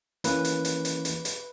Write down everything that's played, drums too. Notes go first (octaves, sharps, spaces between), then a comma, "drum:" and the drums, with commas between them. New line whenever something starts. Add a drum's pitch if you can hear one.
E3 A#3 C#4 B4, drum: hi-hat
drum: hi-hat
drum: hi-hat
drum: hi-hat
drum: hi-hat
drum: hi-hat